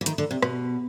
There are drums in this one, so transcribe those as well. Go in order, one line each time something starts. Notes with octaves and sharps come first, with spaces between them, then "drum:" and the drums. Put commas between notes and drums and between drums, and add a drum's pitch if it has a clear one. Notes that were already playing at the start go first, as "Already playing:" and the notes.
E3
D#3, drum: hi-hat
D3
C3
B2, drum: rim click